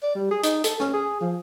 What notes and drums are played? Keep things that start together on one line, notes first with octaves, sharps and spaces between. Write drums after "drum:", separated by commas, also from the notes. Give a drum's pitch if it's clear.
D5
G3
G#4
D#4, drum: hi-hat
A4, drum: hi-hat
C#4, drum: rim click
G#4
F3